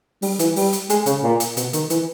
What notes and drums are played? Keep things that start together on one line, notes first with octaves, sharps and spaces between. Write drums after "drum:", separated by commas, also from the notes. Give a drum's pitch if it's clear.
G3, drum: open hi-hat
E3, drum: hi-hat
G3, drum: open hi-hat
drum: hi-hat
G#3, drum: hi-hat
C#3, drum: hi-hat
A#2
drum: hi-hat
B2, drum: hi-hat
D#3, drum: hi-hat
E3, drum: hi-hat